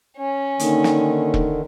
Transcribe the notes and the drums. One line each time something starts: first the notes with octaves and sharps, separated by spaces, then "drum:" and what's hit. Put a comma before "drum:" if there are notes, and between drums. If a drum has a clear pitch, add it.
C#4
D3 D#3 A#3 D#4, drum: hi-hat
drum: snare
drum: kick E1